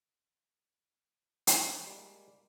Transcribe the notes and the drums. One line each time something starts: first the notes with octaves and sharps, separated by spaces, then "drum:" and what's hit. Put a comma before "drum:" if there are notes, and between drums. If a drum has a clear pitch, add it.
drum: hi-hat
G3 G#3 A#3